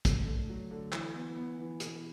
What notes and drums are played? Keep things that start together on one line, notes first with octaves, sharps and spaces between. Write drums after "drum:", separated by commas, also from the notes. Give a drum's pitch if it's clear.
D3, drum: kick, hi-hat
A3
F#3
D3
E3, drum: clap
B3
B3
E3
B2, drum: hi-hat